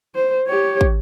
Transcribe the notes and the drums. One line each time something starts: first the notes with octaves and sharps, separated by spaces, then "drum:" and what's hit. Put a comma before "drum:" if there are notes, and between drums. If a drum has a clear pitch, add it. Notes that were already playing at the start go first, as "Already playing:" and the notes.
C5
G4 C#5
drum: kick